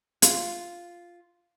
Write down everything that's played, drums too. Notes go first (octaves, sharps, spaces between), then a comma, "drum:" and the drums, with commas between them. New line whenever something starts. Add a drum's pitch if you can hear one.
F4, drum: hi-hat